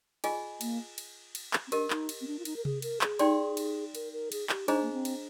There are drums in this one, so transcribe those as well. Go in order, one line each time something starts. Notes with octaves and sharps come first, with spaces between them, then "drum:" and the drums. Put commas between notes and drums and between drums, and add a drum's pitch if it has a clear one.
F4 G#4 D#5 G#5, drum: cymbal
A#3, drum: cymbal
drum: cymbal
drum: cymbal
drum: clap
C4
D4 G4 A#4 D#5, drum: cymbal
D#4, drum: clap
drum: cymbal
C4
D4
F4
D#4, drum: cymbal
A#4
G#4, drum: tom C3
A#4, drum: cymbal
G#4, drum: clap
D#4 G4 D5 G5 C6, drum: cymbal
drum: cymbal
A#4, drum: cymbal
A#4
G#4, drum: cymbal
G4, drum: clap
D4 D#4 G#4 C5 D#5 A#5, drum: cymbal
A#3
C4
drum: cymbal